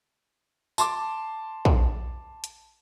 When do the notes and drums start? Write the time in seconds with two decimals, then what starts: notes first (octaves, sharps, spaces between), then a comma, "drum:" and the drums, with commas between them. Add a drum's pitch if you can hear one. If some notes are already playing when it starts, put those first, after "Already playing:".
0.78 A5 C6 D6, drum: tambourine
1.65 drum: kick
2.44 drum: hi-hat